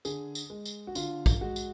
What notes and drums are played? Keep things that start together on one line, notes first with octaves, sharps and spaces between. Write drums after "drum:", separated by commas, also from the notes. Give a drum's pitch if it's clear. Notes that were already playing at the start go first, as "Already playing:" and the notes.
D3 G#4, drum: tambourine
drum: tambourine
G#3
drum: tambourine
F#4
D3 F4, drum: tambourine
drum: kick, tambourine
G#3 F#4
drum: tambourine